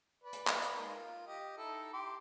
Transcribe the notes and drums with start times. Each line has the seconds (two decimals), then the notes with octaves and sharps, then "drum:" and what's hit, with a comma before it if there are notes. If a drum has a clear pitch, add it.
0.23 B4 D5
0.33 drum: hi-hat
0.47 drum: clap
0.62 drum: hi-hat
0.77 G#3 A#3 D#4
0.96 F4
1.27 G4 D#5
1.57 D#4 E4 A4
1.93 G4 C6 D6